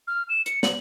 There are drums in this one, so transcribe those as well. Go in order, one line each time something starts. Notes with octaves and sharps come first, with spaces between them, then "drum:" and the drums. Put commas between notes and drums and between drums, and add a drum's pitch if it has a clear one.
F6
E7
C#7, drum: hi-hat
F#7, drum: snare